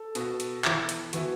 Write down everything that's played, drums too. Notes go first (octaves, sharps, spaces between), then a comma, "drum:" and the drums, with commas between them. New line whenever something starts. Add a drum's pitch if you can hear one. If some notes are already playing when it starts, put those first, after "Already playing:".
Already playing: A4
B2 B3 F#4, drum: hi-hat
drum: hi-hat
E3 B3 E4, drum: clap
drum: hi-hat
E3 B3 E4 F#4, drum: hi-hat